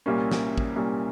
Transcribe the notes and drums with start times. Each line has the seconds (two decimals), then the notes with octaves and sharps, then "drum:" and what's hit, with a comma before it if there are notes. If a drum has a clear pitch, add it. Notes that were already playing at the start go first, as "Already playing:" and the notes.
0.06 C2 A#2 G3 A#3 C#4
0.31 drum: snare
0.58 drum: kick
0.76 C2 A#2 G3 A#3 C#4